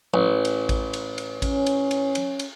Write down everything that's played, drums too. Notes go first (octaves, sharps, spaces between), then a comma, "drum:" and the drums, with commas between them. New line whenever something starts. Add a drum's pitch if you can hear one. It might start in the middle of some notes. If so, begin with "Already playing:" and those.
A1
drum: cymbal
drum: kick A1, cymbal
drum: cymbal
drum: cymbal
C#4, drum: kick A1, cymbal
drum: cymbal
drum: cymbal
drum: cymbal
drum: cymbal